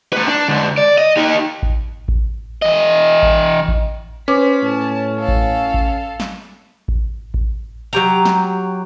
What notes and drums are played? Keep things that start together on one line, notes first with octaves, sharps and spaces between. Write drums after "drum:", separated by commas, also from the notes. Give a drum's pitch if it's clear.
A3 B4
D4
D3 G#3
D5
D#5
D#4 G4
drum: kick A1
drum: kick A1
E3 D#5
drum: kick A1
drum: kick A1
C#4 B4 C5 D6 B6
A2 A5
A4 F5
drum: kick A1
drum: kick A1
drum: snare
drum: kick A1
drum: kick A1
F#3 G4 A#5
drum: snare